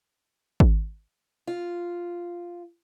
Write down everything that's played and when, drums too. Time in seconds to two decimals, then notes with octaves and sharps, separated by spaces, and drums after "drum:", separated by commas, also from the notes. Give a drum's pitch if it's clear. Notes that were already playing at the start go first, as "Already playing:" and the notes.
0.60 drum: kick G#1
1.47 F4